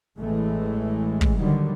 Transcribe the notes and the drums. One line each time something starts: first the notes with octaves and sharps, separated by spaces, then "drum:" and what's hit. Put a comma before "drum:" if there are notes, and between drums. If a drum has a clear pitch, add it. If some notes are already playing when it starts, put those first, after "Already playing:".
A1 A2 E3 G#3 A3
drum: kick
D#2 D3 D#3 F#3 G3